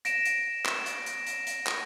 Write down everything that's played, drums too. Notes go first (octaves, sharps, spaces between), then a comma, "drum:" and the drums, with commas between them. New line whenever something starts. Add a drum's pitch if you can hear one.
A#6 D7 E7, drum: hi-hat
drum: hi-hat
drum: clap
drum: hi-hat
drum: hi-hat
drum: hi-hat
drum: hi-hat
drum: clap